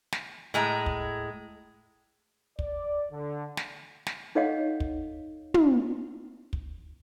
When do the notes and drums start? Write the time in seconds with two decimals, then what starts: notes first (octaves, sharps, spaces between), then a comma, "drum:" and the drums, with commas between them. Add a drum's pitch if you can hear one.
0.12 drum: snare
0.54 A2 G#3 A#5
0.86 drum: kick
2.59 D5, drum: kick
3.11 D3
3.57 drum: snare
4.06 drum: snare
4.35 D#4 A4 C#5 D#5 F5 F#5
4.80 drum: kick
5.54 drum: tom
6.53 drum: kick